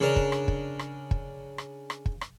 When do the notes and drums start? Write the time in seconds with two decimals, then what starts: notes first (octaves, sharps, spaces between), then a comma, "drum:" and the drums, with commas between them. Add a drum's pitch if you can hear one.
0.01 C#3 D4 A#4
0.16 drum: kick
0.32 drum: rim click
0.48 drum: kick
0.79 drum: rim click
1.11 drum: kick
1.58 drum: rim click
1.90 drum: rim click
2.06 drum: kick
2.21 drum: rim click